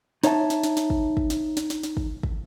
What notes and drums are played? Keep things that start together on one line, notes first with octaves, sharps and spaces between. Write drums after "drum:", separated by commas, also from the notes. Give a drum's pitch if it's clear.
D#4 C#5 E5 G#5 A5, drum: snare
drum: snare
drum: snare
drum: snare
drum: kick
drum: kick
drum: snare
drum: snare
drum: snare
drum: snare
drum: kick
drum: kick